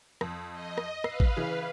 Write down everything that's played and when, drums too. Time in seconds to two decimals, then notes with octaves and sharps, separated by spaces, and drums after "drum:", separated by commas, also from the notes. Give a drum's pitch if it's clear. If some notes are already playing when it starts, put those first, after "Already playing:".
0.21 F2, drum: rim click
0.52 D#5
0.78 drum: rim click
1.04 B4 F5 E6 C7, drum: rim click
1.20 drum: kick
1.37 C#3 E3 G#4